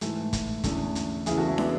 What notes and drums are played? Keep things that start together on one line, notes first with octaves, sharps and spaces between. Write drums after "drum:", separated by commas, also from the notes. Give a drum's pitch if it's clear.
G#2 E3 A3, drum: hi-hat
drum: kick, hi-hat
E2 D3 A3 C#4, drum: kick, hi-hat
drum: hi-hat
E2 C#3 E3 E4 G#4, drum: hi-hat
F#4 A4
C#4 E4
B3 D4, drum: snare